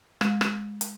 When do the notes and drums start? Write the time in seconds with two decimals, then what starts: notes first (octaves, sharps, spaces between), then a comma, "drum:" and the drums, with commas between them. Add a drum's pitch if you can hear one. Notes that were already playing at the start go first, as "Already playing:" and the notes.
0.21 G#3, drum: rim click
0.41 drum: rim click
0.81 drum: hi-hat